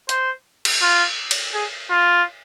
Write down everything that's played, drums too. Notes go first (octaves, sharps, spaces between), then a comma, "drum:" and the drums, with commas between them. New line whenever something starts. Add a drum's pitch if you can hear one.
C5, drum: hi-hat
drum: cymbal
F4
drum: cymbal
G#4
F4